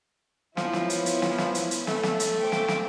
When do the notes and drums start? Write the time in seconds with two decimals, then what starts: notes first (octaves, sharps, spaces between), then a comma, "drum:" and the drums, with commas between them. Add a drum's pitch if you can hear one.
0.57 F3 B3 E4 C#5, drum: snare
0.73 drum: snare
0.90 drum: hi-hat
1.06 drum: hi-hat
1.22 drum: snare
1.38 drum: snare
1.55 drum: hi-hat
1.71 drum: hi-hat
1.87 A3, drum: snare
2.03 drum: snare
2.20 drum: hi-hat
2.40 C5 G5 D6
2.52 drum: snare
2.68 drum: snare